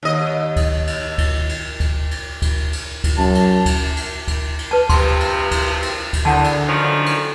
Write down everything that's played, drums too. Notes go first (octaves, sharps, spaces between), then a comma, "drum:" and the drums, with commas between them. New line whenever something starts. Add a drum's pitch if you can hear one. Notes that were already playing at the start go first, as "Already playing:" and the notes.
D#2 D#5
drum: kick, cymbal
drum: cymbal
drum: kick, cymbal
drum: cymbal
drum: kick, cymbal
drum: cymbal
drum: kick, cymbal
drum: cymbal
drum: kick, cymbal
F#2 A5
drum: cymbal
drum: kick, cymbal
drum: cymbal
drum: kick, cymbal
drum: cymbal
B4 A5
G2 C3 F3 C6, drum: kick, cymbal
drum: cymbal
drum: kick, cymbal
drum: cymbal
drum: kick, cymbal
E2 D3 F#5 A5
drum: cymbal
F#2 D#3 F3
drum: cymbal